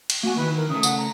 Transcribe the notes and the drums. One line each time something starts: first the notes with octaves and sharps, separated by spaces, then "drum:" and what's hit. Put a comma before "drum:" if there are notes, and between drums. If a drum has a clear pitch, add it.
drum: cymbal
A#3 F#4 G#5
D#3 E3 B4
A#4
C#3 A3 D#6
F#5, drum: tambourine
A#5